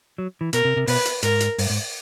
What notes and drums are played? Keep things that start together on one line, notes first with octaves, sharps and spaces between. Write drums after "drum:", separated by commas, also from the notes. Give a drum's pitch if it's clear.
F#3
E3
B2 A#4, drum: hi-hat
C3
C3
B2 B4, drum: open hi-hat
drum: hi-hat
G#2 A#4, drum: hi-hat
drum: hi-hat
G2, drum: open hi-hat
G#2